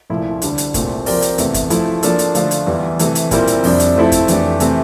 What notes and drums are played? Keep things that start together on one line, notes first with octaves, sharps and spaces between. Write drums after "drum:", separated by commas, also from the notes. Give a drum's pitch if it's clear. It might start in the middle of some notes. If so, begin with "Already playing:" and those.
C2 A#2 F3 A3 E4
D2 D3 G3 D4, drum: hi-hat
drum: hi-hat
C2 A#2 A3 C4, drum: kick, hi-hat
F3 C4 G4 A#4 D5, drum: open hi-hat
drum: hi-hat
E2 C3 E3 A3, drum: hi-hat
drum: kick, hi-hat
F3 A3 E4 A4, drum: hi-hat
F3 A#3 D4 A4, drum: hi-hat
drum: hi-hat
D3 F3 A3 D4 F4, drum: hi-hat
drum: hi-hat
E2 E3 G3
C3 E3 A3, drum: hi-hat
drum: hi-hat
A#2 G3 C4 E4 A#4, drum: kick, hi-hat
drum: hi-hat
F2 C3 G3 D4, drum: open hi-hat
drum: hi-hat
F3 A3 C4 E4 A4
drum: kick, hi-hat
F2 E3 A3 D4 G4, drum: hi-hat
C3 E3 A3 C4 G4, drum: hi-hat